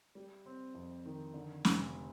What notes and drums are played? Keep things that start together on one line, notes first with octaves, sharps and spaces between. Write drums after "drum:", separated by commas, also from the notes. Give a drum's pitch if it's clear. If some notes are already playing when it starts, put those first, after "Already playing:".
G3
C4
F2
D#3
D3
F1, drum: snare